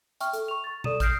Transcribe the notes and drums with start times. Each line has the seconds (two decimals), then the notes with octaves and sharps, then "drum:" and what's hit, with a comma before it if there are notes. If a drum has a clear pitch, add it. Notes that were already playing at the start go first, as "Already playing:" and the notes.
0.21 E5 G5 C#6 F6, drum: hi-hat
0.33 A4, drum: hi-hat
0.48 C#6 F7
0.64 C#6 A6
0.84 A4 D5 D#6 D#7 E7, drum: tom B2
1.00 D#6 F6 G6 A#6 C7 D7, drum: kick, hi-hat